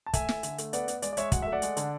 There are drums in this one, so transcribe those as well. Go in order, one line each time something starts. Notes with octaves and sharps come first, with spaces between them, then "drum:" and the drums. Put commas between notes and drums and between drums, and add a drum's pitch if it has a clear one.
A5
A3 E5 G#5, drum: kick, hi-hat
A3, drum: snare
D3, drum: hi-hat
A3, drum: hi-hat
B3 D5 F#5, drum: hi-hat
B3, drum: hi-hat
G#3 D5, drum: hi-hat
D5
G#3 C#5 E5, drum: hi-hat
F#3 F#5, drum: kick, hi-hat
A3 E5
D5 F#5
G#3, drum: hi-hat
D3, drum: hi-hat